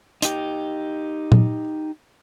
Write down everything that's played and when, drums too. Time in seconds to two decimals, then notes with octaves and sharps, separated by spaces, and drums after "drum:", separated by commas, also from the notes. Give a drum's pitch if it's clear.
0.22 D#4 G4, drum: hi-hat
1.32 drum: tom A#2